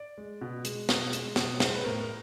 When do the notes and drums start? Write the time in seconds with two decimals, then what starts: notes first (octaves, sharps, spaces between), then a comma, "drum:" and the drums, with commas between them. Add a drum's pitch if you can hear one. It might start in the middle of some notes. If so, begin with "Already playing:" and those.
Already playing: D5
0.18 G#3
0.41 B2
0.65 G#3, drum: hi-hat
0.89 B2, drum: snare
1.13 G#3, drum: hi-hat
1.36 B2, drum: snare
1.60 G#3 C5, drum: snare
1.75 B4
1.84 A2 A#4
2.01 A#4